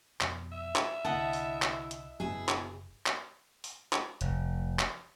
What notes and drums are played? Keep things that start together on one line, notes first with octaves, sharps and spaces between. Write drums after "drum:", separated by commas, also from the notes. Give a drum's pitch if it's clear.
F2 B2, drum: clap
E5
drum: clap
C2 D3 E4 D#5 F#5 A5
drum: open hi-hat
drum: clap
drum: hi-hat
F#1 B2 E4 G#4
drum: clap
drum: clap
drum: open hi-hat
drum: clap
F1, drum: hi-hat
drum: clap